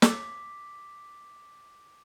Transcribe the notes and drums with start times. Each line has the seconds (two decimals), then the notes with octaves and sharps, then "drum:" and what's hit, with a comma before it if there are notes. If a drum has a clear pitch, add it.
0.02 A4 D6 B6, drum: snare